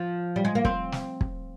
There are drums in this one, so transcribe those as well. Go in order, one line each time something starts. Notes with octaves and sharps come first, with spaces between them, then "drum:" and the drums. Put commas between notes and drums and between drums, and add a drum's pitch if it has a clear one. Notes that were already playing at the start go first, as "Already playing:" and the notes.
Already playing: F3
G3
G#3
A#3
C4, drum: kick
drum: snare
drum: kick